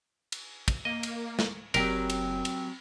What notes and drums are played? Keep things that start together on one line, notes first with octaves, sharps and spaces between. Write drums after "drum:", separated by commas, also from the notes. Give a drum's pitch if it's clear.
drum: cymbal
drum: kick, cymbal
A#3 D#5
drum: cymbal
drum: snare
F#1 F#3 C4 G4 A#4, drum: cymbal
drum: cymbal
drum: cymbal